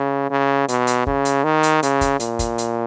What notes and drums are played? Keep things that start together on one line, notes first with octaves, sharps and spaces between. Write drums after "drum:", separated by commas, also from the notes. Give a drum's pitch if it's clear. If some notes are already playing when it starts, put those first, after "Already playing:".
Already playing: C#3
C#3
B2, drum: hi-hat
drum: hi-hat
C#3, drum: kick
drum: hi-hat
D#3
drum: hi-hat
C#3, drum: hi-hat
drum: kick, hi-hat
A#2, drum: hi-hat
drum: kick, hi-hat
drum: hi-hat